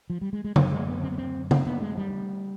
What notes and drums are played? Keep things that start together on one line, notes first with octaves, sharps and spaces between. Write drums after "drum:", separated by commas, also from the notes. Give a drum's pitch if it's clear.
F3
G3
G#3
G#3
F#2 D3 F#3, drum: tom C#3
G#3
B3
C4
B3
C4
C4, drum: tom C#3
B3
G#3
G3